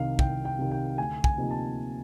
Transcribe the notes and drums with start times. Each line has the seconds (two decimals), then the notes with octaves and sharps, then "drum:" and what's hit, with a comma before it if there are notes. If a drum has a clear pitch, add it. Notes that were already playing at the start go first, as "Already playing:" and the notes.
Already playing: C2 C3 D#3 F5
0.19 C2 G5, drum: kick
0.45 G5
0.58 C3 D#3
0.71 G5
0.98 D2 G#5
1.24 G#5, drum: kick
1.38 C3 F3 A#3 D#4
1.51 A5